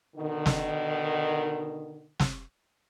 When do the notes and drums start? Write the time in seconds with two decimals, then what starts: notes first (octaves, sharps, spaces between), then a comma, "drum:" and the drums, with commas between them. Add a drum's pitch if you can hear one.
0.17 B2 D3 D#3
0.46 drum: snare
2.20 drum: snare